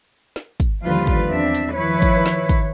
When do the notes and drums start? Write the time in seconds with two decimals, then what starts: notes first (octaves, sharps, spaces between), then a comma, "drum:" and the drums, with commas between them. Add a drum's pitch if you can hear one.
0.36 drum: snare
0.60 drum: kick, hi-hat
0.83 D#2 D3 F3 G3 F4 B4
1.07 drum: kick
1.27 E2 C4 D4 E5
1.55 drum: hi-hat
1.74 D#3 F3 E4 B4 C#5
2.02 drum: kick, hi-hat
2.26 drum: snare
2.49 drum: kick, hi-hat